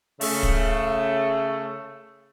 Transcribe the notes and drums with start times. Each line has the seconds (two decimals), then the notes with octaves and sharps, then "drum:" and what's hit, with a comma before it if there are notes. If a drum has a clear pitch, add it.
0.21 C#3 A3, drum: open hi-hat
0.43 drum: kick